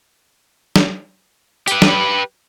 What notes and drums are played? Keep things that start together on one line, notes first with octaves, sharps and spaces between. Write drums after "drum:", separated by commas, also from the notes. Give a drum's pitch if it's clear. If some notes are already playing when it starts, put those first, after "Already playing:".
drum: snare
G4 B4, drum: hi-hat
drum: snare